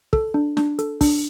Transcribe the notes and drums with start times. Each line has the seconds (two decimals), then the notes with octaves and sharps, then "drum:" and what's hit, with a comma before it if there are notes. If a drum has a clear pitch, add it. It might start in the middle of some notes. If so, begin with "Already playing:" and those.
0.13 A4, drum: kick
0.34 D4
0.57 D4, drum: snare
0.79 A4, drum: hi-hat
1.01 D4, drum: kick, open hi-hat